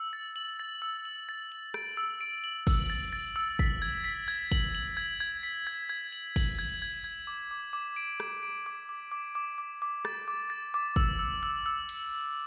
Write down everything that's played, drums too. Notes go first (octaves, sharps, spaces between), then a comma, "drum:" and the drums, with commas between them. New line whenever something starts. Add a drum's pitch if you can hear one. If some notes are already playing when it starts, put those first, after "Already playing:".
Already playing: E6
A6
F#7
A6
E6
F#7
A6
F#7
D7, drum: rim click
E6
D7
F#7
E6, drum: kick, cymbal
A6
A6
E6
B6, drum: kick
G#6
B6
G#6
F#7, drum: kick, cymbal
F#7
G#6
G#6
B6
G#6
G#6
F#7
F#7, drum: kick, cymbal
G#6
G#6
G#6
D6
D6
D6
D7
D7, drum: rim click
D7
D6
D6
D6
D6
D6
D6
A6, drum: rim click
D6
A6
D6
E6, drum: kick
E6
E6
E6
drum: cymbal